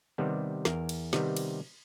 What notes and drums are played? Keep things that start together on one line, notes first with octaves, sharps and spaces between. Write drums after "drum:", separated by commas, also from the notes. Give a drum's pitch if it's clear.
C3 D#3 G3 B3
E2 A#4, drum: snare
drum: cymbal
C3 D#3 G3 B3, drum: snare
drum: cymbal